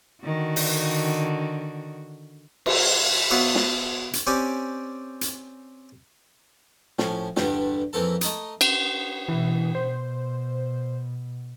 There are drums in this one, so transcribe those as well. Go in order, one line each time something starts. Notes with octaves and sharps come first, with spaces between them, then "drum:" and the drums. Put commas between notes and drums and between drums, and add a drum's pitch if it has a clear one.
D3 D#3 F#4
drum: open hi-hat
drum: cymbal
B3 F#4 C#5 E5 F5
drum: snare
drum: hi-hat
C4 C#4 G4 D5 G#5
drum: hi-hat
A2 F3 C#4, drum: snare
E2 G2 D3 G3 D4 G4, drum: snare
F2 E3 A#3 C4 A4 A5
A3 D#5 A#5 D#6, drum: hi-hat
drum: cymbal
B2 E3
B2 C5